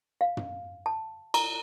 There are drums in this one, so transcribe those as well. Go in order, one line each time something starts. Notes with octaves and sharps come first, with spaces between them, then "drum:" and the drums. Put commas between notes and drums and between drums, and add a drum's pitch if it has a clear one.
F5
drum: tom
A5
A#5, drum: cymbal